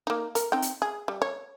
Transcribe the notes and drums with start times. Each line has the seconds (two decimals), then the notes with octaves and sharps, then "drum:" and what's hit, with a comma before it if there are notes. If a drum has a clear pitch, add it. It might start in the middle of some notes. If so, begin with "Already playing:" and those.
0.07 A#3 D#4
0.35 A#4, drum: hi-hat
0.52 C4 D#4 G5
0.62 drum: hi-hat
0.82 G#4
1.08 G3
1.22 C#5